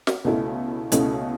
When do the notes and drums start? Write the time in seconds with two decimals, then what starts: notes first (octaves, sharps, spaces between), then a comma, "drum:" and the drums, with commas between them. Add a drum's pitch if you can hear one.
0.07 drum: snare
0.25 C#2 B2 A3 C#4 E4
0.92 C#2 B2 A3 C#4 E4, drum: hi-hat